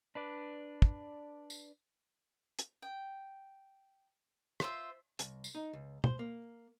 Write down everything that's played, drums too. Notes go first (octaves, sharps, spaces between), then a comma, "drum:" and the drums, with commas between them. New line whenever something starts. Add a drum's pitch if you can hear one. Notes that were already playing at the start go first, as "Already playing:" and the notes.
D4 B4 D5
drum: kick
drum: tambourine
drum: hi-hat
G5
F4 C5 E5, drum: rim click
C2, drum: hi-hat
drum: tambourine
D#4
C#2
C5, drum: tom
A#3